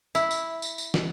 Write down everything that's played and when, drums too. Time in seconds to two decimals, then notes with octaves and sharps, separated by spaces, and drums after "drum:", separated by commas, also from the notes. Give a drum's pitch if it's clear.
0.15 E4, drum: tambourine
0.31 drum: tambourine
0.62 drum: tambourine
0.78 drum: tambourine
0.94 drum: snare